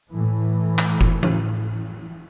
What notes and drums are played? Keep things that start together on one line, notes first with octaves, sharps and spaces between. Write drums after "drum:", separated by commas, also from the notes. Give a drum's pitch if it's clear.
A2 E3
drum: clap
drum: kick F1
drum: tom E3